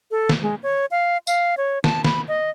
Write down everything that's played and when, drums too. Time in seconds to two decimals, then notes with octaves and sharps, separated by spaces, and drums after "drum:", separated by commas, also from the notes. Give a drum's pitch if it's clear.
0.11 A4
0.29 drum: snare
0.42 G#3
0.63 C#5
0.91 F5
1.27 F5, drum: tambourine
1.57 C#5
1.84 A5, drum: snare
2.04 B5, drum: snare
2.28 D#5